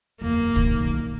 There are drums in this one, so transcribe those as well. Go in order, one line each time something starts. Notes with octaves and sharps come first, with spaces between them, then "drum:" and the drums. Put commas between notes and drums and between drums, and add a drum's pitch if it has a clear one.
F#1 E2 A#3
B1 D#3, drum: kick